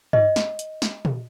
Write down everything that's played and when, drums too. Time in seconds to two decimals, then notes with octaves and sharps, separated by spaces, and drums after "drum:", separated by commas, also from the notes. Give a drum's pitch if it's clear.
0.13 D#5, drum: tom G2
0.36 drum: snare
0.59 drum: hi-hat
0.82 drum: snare
1.05 drum: tom